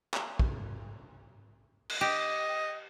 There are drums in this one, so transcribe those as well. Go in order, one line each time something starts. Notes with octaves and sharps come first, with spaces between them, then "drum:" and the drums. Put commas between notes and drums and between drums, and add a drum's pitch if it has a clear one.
drum: clap
drum: kick
drum: cymbal
G4 D#5